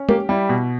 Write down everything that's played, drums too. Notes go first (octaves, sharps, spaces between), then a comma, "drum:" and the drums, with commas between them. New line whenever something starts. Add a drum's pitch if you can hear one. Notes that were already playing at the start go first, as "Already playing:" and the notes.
Already playing: C#4
A#3 G4, drum: tom
G3 E4
B2